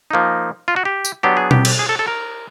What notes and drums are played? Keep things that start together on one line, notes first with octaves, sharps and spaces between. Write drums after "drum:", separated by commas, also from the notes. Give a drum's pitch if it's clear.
F3 A#3 D#4
F4
F#4
G4
drum: tambourine
F#3 B3 D4 G4
G#4
G4, drum: tom B2
drum: cymbal
G#4
A4
A4
A#4